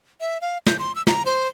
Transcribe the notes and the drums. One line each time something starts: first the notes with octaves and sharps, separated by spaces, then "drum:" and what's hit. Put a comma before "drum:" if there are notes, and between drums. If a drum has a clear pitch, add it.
E5
F5
G6, drum: snare
C6
E6
A#5, drum: snare
C5